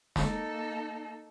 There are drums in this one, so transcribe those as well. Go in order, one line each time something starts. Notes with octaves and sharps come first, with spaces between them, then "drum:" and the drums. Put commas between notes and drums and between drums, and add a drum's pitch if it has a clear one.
A#3 D#4 A4, drum: snare